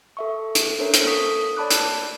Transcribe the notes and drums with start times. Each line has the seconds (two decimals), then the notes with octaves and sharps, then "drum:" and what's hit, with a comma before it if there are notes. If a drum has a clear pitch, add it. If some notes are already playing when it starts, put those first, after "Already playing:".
0.17 A4 E5 C#6
0.55 drum: hi-hat
0.79 C#4 D4 A4 A#4 C5 C#5
0.94 drum: hi-hat
1.05 B3 A4 C#6 D#6 B6
1.57 C#5 D5 A5 B5 D6 F#6
1.71 drum: hi-hat